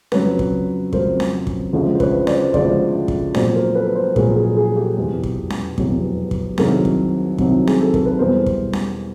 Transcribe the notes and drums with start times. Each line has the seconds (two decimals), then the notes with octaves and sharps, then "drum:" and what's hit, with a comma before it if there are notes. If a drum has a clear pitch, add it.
0.12 F2 C#3 F#3 B4 C#5, drum: snare C#4
0.39 drum: kick
0.93 F2 C#3 F#3 A#4 C5, drum: kick
1.20 drum: snare C#4
1.47 drum: kick
1.73 D2 C#3 F3 G#3
1.95 C5
2.00 B4 C#5, drum: kick
2.27 C5 D5, drum: snare C#4
2.54 D2 C#3 F3 G#3 C5 D5, drum: kick
3.08 drum: kick
3.34 A#1 A#2 F#3 C5 D5, drum: snare C#4
3.55 A#4 C5
3.75 A4 B4
3.95 A#4 C5
4.16 A#1 A#2 F#3 G#4 A#4, drum: kick
4.36 G#4
4.57 G#4
4.76 G4 A4
4.97 F1 E2 B2 F#3
5.23 drum: kick
5.50 drum: snare C#4
5.78 F1 E2 B2 F#3, drum: kick
6.31 drum: kick
6.58 C2 C3 D#3 F#3 G#4 A#4, drum: snare C#4
6.85 drum: kick
7.38 C2 C3 D#3 F#3, drum: kick
7.67 G#4, drum: snare C#4
7.80 A4
7.94 A#4, drum: kick
8.06 B4
8.19 E2 B2 G3 A#4 C5
8.46 drum: kick
8.73 drum: snare C#4